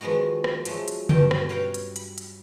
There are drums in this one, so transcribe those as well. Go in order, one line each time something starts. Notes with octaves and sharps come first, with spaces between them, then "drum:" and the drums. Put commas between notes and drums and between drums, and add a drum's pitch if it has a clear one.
D#3 F3 G#3 B3 F#4
drum: rim click
F3 F#3 G#3 A3, drum: hi-hat
drum: hi-hat
G2 B2 C#4 G5 A5, drum: tom C#3
drum: rim click
B4 C#5 F5 G5 A#5
drum: hi-hat
B5, drum: hi-hat
drum: hi-hat